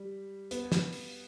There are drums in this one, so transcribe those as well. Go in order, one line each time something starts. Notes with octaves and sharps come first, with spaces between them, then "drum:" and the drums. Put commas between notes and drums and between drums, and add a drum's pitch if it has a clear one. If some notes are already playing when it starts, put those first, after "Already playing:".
Already playing: G3
B3, drum: hi-hat
drum: snare
drum: open hi-hat